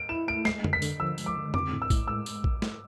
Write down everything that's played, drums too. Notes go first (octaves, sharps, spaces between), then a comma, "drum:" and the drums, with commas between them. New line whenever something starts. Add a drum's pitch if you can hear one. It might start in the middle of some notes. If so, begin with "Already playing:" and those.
Already playing: D7
E4 E7
A3 D7
G#3 C7, drum: snare
D3, drum: tom F2
B6
D3, drum: tambourine
F3 E6
G#3, drum: tambourine
D6
D3
C4 D6, drum: tom F2
A2
E6
A2, drum: kick A#1, tambourine
G#3 E6
drum: tambourine
drum: kick A#1
drum: snare